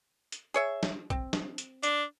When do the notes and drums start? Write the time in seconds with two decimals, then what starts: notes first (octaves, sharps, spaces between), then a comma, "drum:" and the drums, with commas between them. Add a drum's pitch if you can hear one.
0.32 drum: hi-hat
0.54 G#4 C#5 E5
0.83 drum: snare
1.10 C4, drum: kick A#1
1.33 drum: snare
1.58 drum: hi-hat
1.83 D4, drum: hi-hat